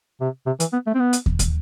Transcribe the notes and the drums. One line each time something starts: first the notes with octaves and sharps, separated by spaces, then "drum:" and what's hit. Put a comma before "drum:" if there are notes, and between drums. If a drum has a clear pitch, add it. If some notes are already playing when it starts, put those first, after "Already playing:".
C3
C3
E3, drum: hi-hat
B3
A3
C4
B3
drum: hi-hat
drum: kick
drum: kick, hi-hat